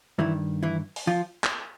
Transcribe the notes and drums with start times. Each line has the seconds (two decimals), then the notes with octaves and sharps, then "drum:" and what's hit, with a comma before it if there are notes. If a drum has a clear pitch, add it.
0.19 G2 D#3 E3 E4
0.63 E3 E4
0.96 drum: open hi-hat
1.07 F3 F4
1.44 drum: clap